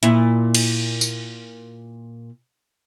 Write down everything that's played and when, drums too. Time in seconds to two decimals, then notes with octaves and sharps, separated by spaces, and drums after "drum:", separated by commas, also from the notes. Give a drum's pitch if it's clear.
0.03 A#2 E4, drum: hi-hat
0.55 drum: cymbal
1.01 drum: tambourine